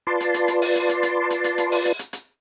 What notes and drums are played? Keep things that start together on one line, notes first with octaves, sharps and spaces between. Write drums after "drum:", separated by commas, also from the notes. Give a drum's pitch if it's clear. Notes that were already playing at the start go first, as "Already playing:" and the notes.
F4 B4 D5 A5 C6
drum: hi-hat
drum: hi-hat
drum: hi-hat
drum: open hi-hat
drum: hi-hat
drum: hi-hat
drum: hi-hat
drum: hi-hat
drum: hi-hat
drum: hi-hat
drum: open hi-hat
drum: hi-hat
drum: hi-hat
drum: hi-hat